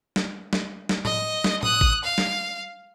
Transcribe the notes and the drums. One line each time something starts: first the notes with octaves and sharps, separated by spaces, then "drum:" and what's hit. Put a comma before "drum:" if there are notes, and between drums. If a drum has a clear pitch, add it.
drum: snare
drum: snare
drum: snare
D#5, drum: tom A2
drum: snare
D#6 F#6, drum: tom A2
drum: kick
F5
drum: snare